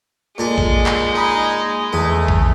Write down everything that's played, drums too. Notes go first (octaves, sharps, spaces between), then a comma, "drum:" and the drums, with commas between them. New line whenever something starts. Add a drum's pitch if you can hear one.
A#2 G#3 A4
drum: kick
drum: clap
D#4 G#4 A#5 B5
E2 A3 G#4
drum: kick